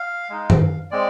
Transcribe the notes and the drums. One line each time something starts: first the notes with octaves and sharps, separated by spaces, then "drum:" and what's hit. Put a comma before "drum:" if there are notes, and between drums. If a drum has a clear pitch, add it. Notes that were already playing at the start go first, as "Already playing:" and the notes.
Already playing: F5
G#3 D#4
drum: tom
G#3 C4 D5